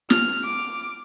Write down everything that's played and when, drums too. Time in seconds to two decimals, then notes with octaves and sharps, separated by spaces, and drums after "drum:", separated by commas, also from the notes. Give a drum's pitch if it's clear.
0.10 F6, drum: snare
0.45 D6